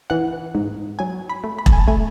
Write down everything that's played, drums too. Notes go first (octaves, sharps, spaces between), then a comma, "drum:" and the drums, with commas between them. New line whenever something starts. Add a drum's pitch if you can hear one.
E3 F#5
G#2
F#3 G#5
B5
A3
B5
A5, drum: kick E1
G#5
A5
A3 G#5